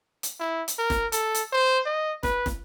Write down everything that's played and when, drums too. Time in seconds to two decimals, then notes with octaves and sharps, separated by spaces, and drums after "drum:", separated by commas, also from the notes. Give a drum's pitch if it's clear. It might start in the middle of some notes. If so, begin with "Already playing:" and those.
0.23 drum: hi-hat
0.40 E4
0.68 drum: hi-hat
0.79 A#4
0.90 drum: snare
1.12 A4, drum: hi-hat
1.35 drum: hi-hat
1.53 C5
1.86 D#5
2.23 B4, drum: snare
2.46 drum: snare